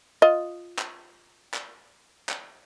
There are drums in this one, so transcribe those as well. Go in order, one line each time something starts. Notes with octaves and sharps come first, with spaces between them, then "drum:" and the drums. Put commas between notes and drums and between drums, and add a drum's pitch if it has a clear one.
F4 D#5
drum: clap
drum: clap
drum: clap